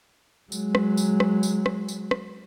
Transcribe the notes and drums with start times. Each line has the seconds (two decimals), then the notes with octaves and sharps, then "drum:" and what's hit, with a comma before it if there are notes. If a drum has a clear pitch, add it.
0.52 F#3 G#3, drum: tambourine
0.75 drum: rim click
0.97 drum: tambourine
1.20 drum: rim click
1.43 drum: tambourine
1.66 drum: rim click
1.88 drum: tambourine
2.11 drum: rim click